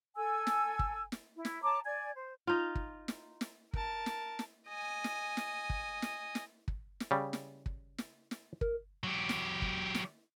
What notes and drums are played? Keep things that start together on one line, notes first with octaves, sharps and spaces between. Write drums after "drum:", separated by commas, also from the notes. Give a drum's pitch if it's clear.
A4 G#5 E6
drum: snare
drum: kick
drum: snare
E4
drum: snare
C#5 A5 A#5 D6
D5 G#5 G#6
C5
D#4 F4
drum: kick
drum: snare
drum: snare
A#4 A5, drum: kick
drum: snare
drum: snare
D#5 G#5
drum: snare
drum: snare
drum: kick
drum: snare
drum: snare
drum: kick
drum: snare
C#3 G3
drum: snare
drum: kick
drum: snare
drum: snare
A#4, drum: kick
F#3 G4
drum: snare
drum: kick
drum: snare